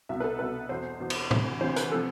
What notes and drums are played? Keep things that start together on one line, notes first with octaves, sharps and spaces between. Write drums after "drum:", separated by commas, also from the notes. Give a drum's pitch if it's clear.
C2 B2 E5
B4
A4
C2 B2 B4
E2 B2 C5
E2 B2
drum: cymbal
D2 C3 E3, drum: tom A2
D2 C3 E3 C5
B4, drum: hi-hat
C3 F3 A4